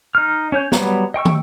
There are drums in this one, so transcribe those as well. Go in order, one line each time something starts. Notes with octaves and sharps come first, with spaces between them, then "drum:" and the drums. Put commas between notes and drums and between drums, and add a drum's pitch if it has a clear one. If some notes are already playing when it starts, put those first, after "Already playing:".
D#4 F6
C#4 C#5 G6
F#3 G3 B3, drum: snare
D#5 G5 C#6 E6
drum: tom